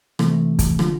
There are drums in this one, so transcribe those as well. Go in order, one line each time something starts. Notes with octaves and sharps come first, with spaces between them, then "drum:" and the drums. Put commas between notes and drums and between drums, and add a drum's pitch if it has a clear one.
C3 E3 A3, drum: rim click
drum: kick, hi-hat
D3 F3, drum: rim click